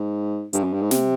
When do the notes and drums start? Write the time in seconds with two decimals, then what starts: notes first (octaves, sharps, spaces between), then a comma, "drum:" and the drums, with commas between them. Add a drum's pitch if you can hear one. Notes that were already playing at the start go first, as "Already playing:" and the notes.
Already playing: G#2
0.53 G2, drum: hi-hat
0.63 F#2
0.73 G2
0.81 G#2
0.91 C3, drum: snare